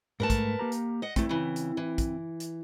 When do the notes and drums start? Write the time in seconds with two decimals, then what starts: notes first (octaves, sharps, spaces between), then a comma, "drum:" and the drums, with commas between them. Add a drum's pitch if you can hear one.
0.20 G#2 A3 A#4 B4 A5
0.30 drum: kick, hi-hat
0.59 A#3 G4 A#5
0.72 drum: hi-hat
1.02 D#5 F#5
1.16 E2 A3 C4 E4, drum: kick, hi-hat
1.29 C#3 E3
1.56 drum: hi-hat
1.77 E3
1.98 drum: kick, hi-hat
2.40 drum: hi-hat